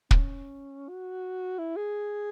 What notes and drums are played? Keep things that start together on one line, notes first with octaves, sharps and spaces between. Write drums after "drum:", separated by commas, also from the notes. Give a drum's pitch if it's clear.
C4, drum: kick
C#4
F#4
E4
G#4